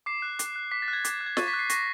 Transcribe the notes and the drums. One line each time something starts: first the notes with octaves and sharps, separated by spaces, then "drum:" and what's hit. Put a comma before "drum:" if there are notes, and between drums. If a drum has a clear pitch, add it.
D6 C7
F#6
D6, drum: hi-hat
F#6
D6 B6
A6
F#6
G#6
D6, drum: hi-hat
F#6
G#6
C#6 A6, drum: snare
B6
F#6
C7
C#6 A#6, drum: hi-hat